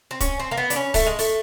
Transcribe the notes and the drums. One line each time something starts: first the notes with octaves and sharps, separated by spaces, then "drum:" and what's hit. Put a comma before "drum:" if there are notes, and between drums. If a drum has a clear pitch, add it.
C4
C#4, drum: kick, hi-hat
C4
A#3
B3
D4, drum: hi-hat
C#4
A3, drum: kick, open hi-hat
G#3
A3, drum: open hi-hat